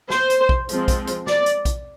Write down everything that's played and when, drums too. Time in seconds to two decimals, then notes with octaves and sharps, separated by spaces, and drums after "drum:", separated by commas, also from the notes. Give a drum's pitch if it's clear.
0.10 C5, drum: snare
0.30 drum: hi-hat
0.49 drum: kick A#1
0.69 F3 G#3 C4, drum: hi-hat
0.88 drum: kick A#1, hi-hat
1.07 drum: hi-hat
1.27 D5, drum: snare
1.46 drum: hi-hat
1.65 drum: kick A#1, hi-hat